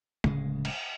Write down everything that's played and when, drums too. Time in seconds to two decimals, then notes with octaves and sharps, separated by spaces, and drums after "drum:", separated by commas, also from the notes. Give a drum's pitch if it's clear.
0.24 D1 C#3 G#3, drum: tom
0.65 drum: cymbal